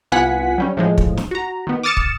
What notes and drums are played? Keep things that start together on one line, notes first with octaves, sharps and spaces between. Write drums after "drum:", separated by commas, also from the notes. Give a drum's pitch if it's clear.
C2 B3 F4 F#5 G#5 B6
F#3 G3 C#4
A2 F3 G#3
drum: kick
drum: snare
F#4 A#5
D#3 B3
D6 D#6 F6 A6 C#7 E7
drum: kick